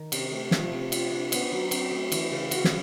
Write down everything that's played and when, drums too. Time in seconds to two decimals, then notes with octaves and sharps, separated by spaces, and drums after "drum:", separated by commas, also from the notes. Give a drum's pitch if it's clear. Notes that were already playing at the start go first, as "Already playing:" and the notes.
Already playing: D#3
0.12 C3, drum: cymbal
0.32 A3
0.51 F3, drum: snare
0.72 C3
0.92 F4, drum: cymbal
1.12 D4
1.32 B3, drum: cymbal
1.52 F#3
1.71 C4, drum: cymbal
1.91 A3
2.12 E3, drum: cymbal
2.32 C#3
2.51 F#4, drum: cymbal
2.64 drum: snare